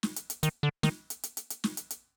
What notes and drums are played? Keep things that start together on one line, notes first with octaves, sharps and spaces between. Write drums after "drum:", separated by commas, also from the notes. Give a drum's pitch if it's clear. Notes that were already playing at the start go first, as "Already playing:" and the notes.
drum: snare
drum: hi-hat
drum: hi-hat
D#3, drum: hi-hat
D3
D#3, drum: snare
drum: hi-hat
drum: hi-hat
drum: hi-hat
drum: hi-hat
drum: snare
drum: hi-hat
drum: hi-hat